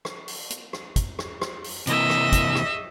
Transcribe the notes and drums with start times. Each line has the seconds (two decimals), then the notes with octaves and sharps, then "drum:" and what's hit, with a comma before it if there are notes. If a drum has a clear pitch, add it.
0.05 drum: rim click
0.28 drum: open hi-hat
0.50 drum: hi-hat
0.73 drum: rim click
0.96 drum: kick, hi-hat
1.19 drum: rim click
1.41 drum: rim click
1.64 drum: open hi-hat
1.87 C3 E3 A#3 D#5 E5, drum: hi-hat
2.10 drum: rim click
2.33 drum: kick, hi-hat
2.55 drum: rim click